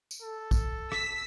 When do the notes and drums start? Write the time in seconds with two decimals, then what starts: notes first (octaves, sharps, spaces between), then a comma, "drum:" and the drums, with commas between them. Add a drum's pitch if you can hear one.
0.11 drum: tambourine
0.23 A4
0.51 drum: kick, tambourine
0.92 E6 B6, drum: rim click